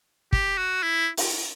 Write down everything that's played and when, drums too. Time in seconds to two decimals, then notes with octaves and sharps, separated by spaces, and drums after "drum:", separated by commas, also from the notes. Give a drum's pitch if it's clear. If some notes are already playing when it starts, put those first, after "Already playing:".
0.33 G4, drum: kick
0.58 F#4
0.83 E4
1.17 drum: open hi-hat